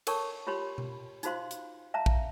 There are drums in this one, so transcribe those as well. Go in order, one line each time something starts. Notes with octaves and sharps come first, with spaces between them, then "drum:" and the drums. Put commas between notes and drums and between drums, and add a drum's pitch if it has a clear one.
A4 A#4 C#5 A5 C#6, drum: cymbal
F4 G4 C#5 B5 C6
drum: tom B2
D#4 F4 F#4 C5 F5 C6, drum: hi-hat
drum: hi-hat
E5 F5 A5 A#5
drum: kick